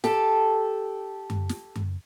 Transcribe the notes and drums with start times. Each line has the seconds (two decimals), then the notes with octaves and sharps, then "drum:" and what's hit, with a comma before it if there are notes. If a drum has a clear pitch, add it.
0.04 G4 A4, drum: snare
1.30 drum: tom F#2
1.49 drum: snare
1.76 drum: tom F#2